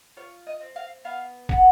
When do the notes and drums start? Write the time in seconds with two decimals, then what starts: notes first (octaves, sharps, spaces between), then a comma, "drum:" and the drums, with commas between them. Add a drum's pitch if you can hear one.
0.17 F4 C#5
0.47 D#5
0.61 C4
0.76 F5
1.05 B3 F5
1.49 B3 F#5, drum: kick